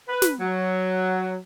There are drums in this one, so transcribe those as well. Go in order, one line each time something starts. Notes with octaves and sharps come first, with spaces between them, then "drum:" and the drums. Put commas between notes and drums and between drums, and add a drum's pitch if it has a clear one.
B4
drum: snare
F#3